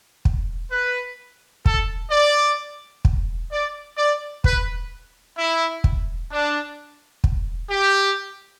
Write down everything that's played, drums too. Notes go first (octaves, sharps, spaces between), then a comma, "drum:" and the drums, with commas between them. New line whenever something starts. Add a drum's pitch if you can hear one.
drum: kick
B4
A4, drum: kick
D5
drum: kick
D5
D5
B4, drum: kick
E4
drum: kick
D4
drum: kick
G4